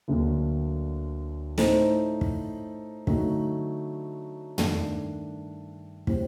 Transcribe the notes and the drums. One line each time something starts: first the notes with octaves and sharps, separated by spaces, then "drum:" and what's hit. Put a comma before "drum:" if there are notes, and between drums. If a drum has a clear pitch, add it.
D2 D3 F#3 A#3
A2 A3 D#4 A4 C5, drum: snare
drum: kick
D3 F#3 A3 D#4, drum: kick
G2 D#3 A3 D4 A4, drum: tom
A2 G3 C4 G4 C5, drum: kick